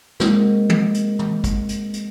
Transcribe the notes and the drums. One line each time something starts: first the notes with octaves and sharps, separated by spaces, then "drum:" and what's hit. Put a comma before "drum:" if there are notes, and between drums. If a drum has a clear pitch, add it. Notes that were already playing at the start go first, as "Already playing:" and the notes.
G#3 A#3 C4 F#4, drum: snare
drum: tom
drum: hi-hat
drum: tom
drum: kick, hi-hat
drum: hi-hat
drum: hi-hat